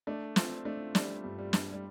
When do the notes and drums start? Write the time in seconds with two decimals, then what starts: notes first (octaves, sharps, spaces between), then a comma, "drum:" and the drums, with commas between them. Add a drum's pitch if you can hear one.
0.07 A3 D4
0.36 C4 F4, drum: snare
0.65 A3 D4
0.95 G3 D4, drum: snare
1.24 G2
1.39 G3
1.53 D4, drum: snare
1.72 G3